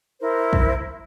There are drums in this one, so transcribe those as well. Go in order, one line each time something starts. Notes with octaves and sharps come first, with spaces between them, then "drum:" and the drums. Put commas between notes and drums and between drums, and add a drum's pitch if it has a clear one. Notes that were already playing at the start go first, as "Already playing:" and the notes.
E4 A#4 C5
drum: kick